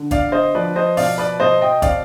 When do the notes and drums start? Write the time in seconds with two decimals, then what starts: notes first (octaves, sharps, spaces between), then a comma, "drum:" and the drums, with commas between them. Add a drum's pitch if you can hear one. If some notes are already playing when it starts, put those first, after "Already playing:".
Already playing: D3
0.11 B3 D5 F5, drum: kick, hi-hat
0.32 C5 D#5
0.55 F3 B4 D5
0.76 C5 D#5
0.97 B2 D5 F5, drum: open hi-hat
1.18 B4 D5
1.40 B2 C5 D#5
1.61 D#5 G5
1.82 C4 D5 F5, drum: kick, hi-hat